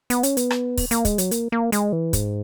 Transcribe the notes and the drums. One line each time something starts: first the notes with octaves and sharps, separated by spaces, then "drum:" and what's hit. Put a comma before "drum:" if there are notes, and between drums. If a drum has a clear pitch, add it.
B3, drum: hi-hat
C#4, drum: hi-hat
B3, drum: hi-hat
drum: rim click
drum: kick, open hi-hat
A#3, drum: hi-hat
G#3, drum: kick, hi-hat
F#3, drum: hi-hat
A#3, drum: hi-hat
A#3
G#3, drum: hi-hat
E3
G#2, drum: kick, hi-hat